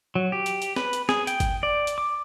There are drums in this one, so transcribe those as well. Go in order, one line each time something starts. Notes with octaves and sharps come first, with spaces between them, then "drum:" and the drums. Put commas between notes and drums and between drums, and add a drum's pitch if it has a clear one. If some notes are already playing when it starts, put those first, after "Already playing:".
F#3
G4
drum: hi-hat
drum: hi-hat
B4, drum: snare
drum: hi-hat
G#4, drum: snare
G5, drum: hi-hat
drum: kick G1, hi-hat
D5
drum: hi-hat
D6